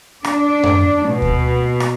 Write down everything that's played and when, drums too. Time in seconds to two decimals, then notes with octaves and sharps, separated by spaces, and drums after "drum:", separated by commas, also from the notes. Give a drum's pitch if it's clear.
0.24 D4, drum: rim click
0.63 drum: tom F#2
1.08 B2
1.22 drum: kick D2
1.80 drum: rim click